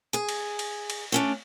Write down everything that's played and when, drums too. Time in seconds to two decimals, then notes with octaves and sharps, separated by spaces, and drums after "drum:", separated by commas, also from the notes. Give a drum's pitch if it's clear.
0.13 G#4 G#5
0.29 drum: cymbal
0.59 drum: cymbal
0.90 drum: cymbal
1.12 A3 C#4 D4